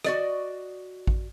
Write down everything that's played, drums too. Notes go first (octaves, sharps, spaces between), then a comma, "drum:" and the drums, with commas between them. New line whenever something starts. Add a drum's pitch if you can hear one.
F#4 D5 D#5, drum: rim click
drum: kick A1